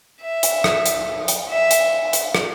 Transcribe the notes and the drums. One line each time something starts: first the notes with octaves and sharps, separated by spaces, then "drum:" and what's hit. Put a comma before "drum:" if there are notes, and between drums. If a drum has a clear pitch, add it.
E5
drum: hi-hat
drum: rim click
drum: hi-hat
drum: hi-hat
E5
drum: hi-hat
drum: hi-hat
drum: rim click